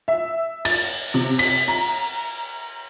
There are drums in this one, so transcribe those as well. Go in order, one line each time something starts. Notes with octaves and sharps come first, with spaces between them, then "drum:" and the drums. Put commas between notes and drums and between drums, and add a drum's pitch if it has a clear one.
E5
A6, drum: cymbal
C3
B6, drum: cymbal
A#5